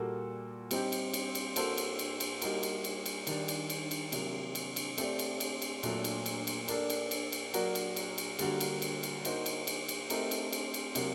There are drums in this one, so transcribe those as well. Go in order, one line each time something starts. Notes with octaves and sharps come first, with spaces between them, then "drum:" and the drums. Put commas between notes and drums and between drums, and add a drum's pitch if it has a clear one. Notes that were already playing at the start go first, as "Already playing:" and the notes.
Already playing: A#2 G3 A#3 F#4 A4
G3 C4 D#4 G4, drum: cymbal
drum: cymbal
drum: cymbal
drum: cymbal
A#3 F#4 A4 C5, drum: cymbal
drum: cymbal
drum: cymbal
drum: cymbal
G3 A#3 D#4 F#4 A#4, drum: cymbal
drum: cymbal
drum: cymbal
drum: cymbal
D#3 G3 D4, drum: cymbal
drum: cymbal
drum: cymbal
drum: cymbal
C3 F#3 A#3, drum: cymbal
drum: cymbal
drum: cymbal
A3 C4 G4 D5, drum: cymbal
drum: cymbal
drum: cymbal
drum: cymbal
A#2 F#3 A3 D4 A4, drum: cymbal
drum: cymbal
drum: cymbal
drum: cymbal
A#3 D4 A4 D5, drum: cymbal
drum: cymbal
drum: cymbal
drum: cymbal
F#3 A#3 F#4 A#4 D5, drum: cymbal
drum: cymbal
drum: cymbal
drum: cymbal
D3 G3 A#3 F#4 A#4, drum: cymbal
drum: cymbal
drum: cymbal
drum: cymbal
A#3 D#4 F#4 C5, drum: cymbal
drum: cymbal
drum: cymbal
drum: cymbal
A3 C4 D#4 G4 A#4, drum: cymbal
drum: cymbal
drum: cymbal
drum: cymbal
C3 F#3 A#3 F#4, drum: cymbal